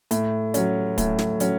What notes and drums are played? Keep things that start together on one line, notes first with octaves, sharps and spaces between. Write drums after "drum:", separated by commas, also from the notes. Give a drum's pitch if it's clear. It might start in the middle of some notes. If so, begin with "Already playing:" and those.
A2, drum: hi-hat
F#3 C#4, drum: hi-hat
A2, drum: kick D1, hi-hat
drum: snare
F#3 C#4, drum: hi-hat